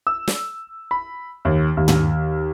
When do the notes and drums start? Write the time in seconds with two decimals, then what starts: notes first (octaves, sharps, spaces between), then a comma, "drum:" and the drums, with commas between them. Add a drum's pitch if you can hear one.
0.07 E6
0.28 drum: snare
0.91 B5
1.45 D#2
1.77 D#2
1.88 drum: tom